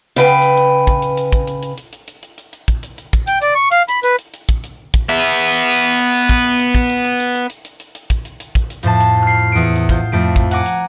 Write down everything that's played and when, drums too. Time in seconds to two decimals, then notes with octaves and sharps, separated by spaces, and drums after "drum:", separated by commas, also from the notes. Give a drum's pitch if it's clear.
0.16 C#3 B4 G5
0.27 drum: hi-hat
0.42 drum: hi-hat
0.57 drum: hi-hat
0.87 drum: kick, hi-hat
1.02 drum: hi-hat
1.17 drum: hi-hat
1.32 drum: kick, hi-hat
1.48 drum: hi-hat
1.63 drum: hi-hat
1.78 drum: hi-hat
1.93 drum: hi-hat
2.08 drum: hi-hat
2.23 drum: hi-hat
2.38 drum: hi-hat
2.53 drum: hi-hat
2.68 drum: kick, hi-hat
2.83 drum: hi-hat
2.98 drum: hi-hat
3.13 drum: kick, hi-hat
3.27 G5, drum: hi-hat
3.42 D5, drum: hi-hat
3.55 C#6
3.72 F5, drum: hi-hat
3.88 B5, drum: hi-hat
4.03 B4, drum: hi-hat
4.19 drum: hi-hat
4.34 drum: hi-hat
4.49 drum: kick, hi-hat
4.64 drum: hi-hat
4.94 drum: kick, hi-hat
5.09 B3 E5, drum: hi-hat
5.24 drum: hi-hat
5.39 drum: hi-hat
5.54 drum: hi-hat
5.69 drum: hi-hat
5.84 drum: hi-hat
5.99 drum: hi-hat
6.14 drum: hi-hat
6.29 drum: kick, hi-hat
6.44 drum: hi-hat
6.59 drum: hi-hat
6.75 drum: kick, hi-hat
6.90 drum: hi-hat
7.05 drum: hi-hat
7.20 drum: hi-hat
7.35 drum: hi-hat
7.50 drum: hi-hat
7.65 drum: hi-hat
7.80 drum: hi-hat
7.95 drum: hi-hat
8.10 drum: kick, hi-hat
8.25 drum: hi-hat
8.40 drum: hi-hat
8.55 drum: kick, hi-hat
8.70 drum: hi-hat
8.83 F2 A2 C5 A5, drum: hi-hat
9.00 drum: hi-hat
9.22 F6 C7
9.52 E2 D#6 C#7 D7
9.76 drum: hi-hat
9.89 F4 C5, drum: kick, hi-hat
10.12 F2 A3 D7
10.36 drum: kick, hi-hat
10.51 F#5 G#5 A#5 D6, drum: hi-hat
10.66 drum: hi-hat